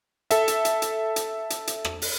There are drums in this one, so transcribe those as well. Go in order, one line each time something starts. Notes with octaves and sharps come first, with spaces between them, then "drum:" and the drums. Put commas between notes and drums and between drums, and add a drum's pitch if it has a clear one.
A4 E5, drum: hi-hat
drum: hi-hat
drum: hi-hat
drum: hi-hat
drum: hi-hat
drum: hi-hat
drum: hi-hat
drum: rim click
drum: open hi-hat